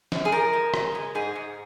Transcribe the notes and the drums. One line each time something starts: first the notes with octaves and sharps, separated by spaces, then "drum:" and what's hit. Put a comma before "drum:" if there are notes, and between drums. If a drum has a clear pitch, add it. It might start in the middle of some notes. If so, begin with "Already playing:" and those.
F#2, drum: snare
G#4
F3 A#4
G#3
C#3, drum: rim click
G#3
G#2 G#4
G#2